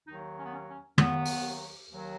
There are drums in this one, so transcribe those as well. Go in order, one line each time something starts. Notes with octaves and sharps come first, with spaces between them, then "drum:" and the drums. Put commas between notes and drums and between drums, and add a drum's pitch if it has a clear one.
D#2 D#3 F#3 D#4
C#4
B3
C#4
C#4
D#2 D#3 F#3 B3, drum: tom
drum: open hi-hat
D#2 D#3 F#3